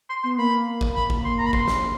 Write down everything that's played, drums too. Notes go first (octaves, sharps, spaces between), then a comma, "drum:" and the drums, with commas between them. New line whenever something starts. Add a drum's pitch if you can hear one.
C6
B3 C6
A#3 B5
drum: kick G1
B5
drum: kick G1
C6
A#5
B5
C6, drum: kick G1
drum: snare